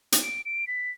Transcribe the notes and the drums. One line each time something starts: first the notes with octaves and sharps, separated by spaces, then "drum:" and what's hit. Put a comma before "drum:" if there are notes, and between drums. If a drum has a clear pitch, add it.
drum: hi-hat
D7
D7
B6